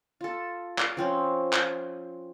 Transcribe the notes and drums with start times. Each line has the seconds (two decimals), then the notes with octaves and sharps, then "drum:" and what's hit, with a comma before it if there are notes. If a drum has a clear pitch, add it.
0.21 F4 A4
0.78 drum: clap
0.97 F3 C4 C#4
1.53 drum: clap